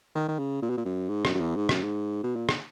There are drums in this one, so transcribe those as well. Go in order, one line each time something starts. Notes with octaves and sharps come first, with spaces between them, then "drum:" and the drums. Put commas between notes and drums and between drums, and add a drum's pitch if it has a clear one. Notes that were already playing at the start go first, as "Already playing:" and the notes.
D#3
D#3
C#3
A#2
B2
A#2
F#2
G#2
F#2, drum: rim click
F#2
E2
G#2
F#2, drum: rim click
G#2
B2
A#2
drum: rim click